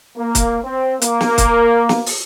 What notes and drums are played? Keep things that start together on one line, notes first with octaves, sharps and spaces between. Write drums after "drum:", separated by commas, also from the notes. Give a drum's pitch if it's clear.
A#3
drum: kick, hi-hat
C4
A#3, drum: hi-hat
drum: snare
drum: kick, hi-hat
drum: snare
drum: open hi-hat